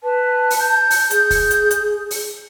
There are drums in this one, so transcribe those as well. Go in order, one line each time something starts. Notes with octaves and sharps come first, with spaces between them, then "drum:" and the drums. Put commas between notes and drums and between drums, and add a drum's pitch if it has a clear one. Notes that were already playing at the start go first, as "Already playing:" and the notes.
B4 A5
drum: open hi-hat
G6
drum: open hi-hat
G#4, drum: hi-hat
drum: kick, open hi-hat
drum: hi-hat
drum: hi-hat
drum: open hi-hat